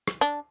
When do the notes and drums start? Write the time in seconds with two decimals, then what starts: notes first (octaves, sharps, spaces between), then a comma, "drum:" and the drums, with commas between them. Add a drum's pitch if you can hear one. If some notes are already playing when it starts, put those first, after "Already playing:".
0.08 drum: rim click
0.21 D4